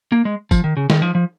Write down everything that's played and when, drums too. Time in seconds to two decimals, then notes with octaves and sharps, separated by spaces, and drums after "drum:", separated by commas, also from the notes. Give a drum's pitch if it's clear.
0.12 A#3
0.25 G#3
0.51 F3, drum: kick, tambourine
0.64 D#3
0.77 C#3
0.90 D#3, drum: snare
1.02 F3
1.15 F3